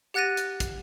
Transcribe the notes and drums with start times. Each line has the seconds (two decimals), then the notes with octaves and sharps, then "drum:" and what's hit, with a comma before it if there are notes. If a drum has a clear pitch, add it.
0.14 G4 F#5 F#6 A6 A#6 D#7
0.37 drum: hi-hat
0.60 drum: kick, hi-hat